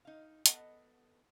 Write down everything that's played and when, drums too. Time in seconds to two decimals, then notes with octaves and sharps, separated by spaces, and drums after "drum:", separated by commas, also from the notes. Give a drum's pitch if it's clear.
0.05 D#4 F5
0.46 B3 A4 D#5 F#5, drum: hi-hat